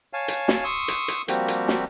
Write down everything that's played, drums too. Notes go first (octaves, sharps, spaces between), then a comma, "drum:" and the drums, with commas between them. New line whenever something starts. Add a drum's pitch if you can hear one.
C#5 F5 G#5 A5
drum: hi-hat
drum: snare
C6 C#6 D#6 E6
drum: hi-hat
drum: hi-hat
F3 G3 A#3 C4 F#4 G4, drum: hi-hat
drum: hi-hat
drum: snare